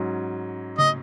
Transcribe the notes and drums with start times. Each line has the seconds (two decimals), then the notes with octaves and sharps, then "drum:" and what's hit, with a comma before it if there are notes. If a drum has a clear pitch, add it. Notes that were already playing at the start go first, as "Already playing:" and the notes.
Already playing: G#2 F#3 C#4
0.79 D#5, drum: tom C#3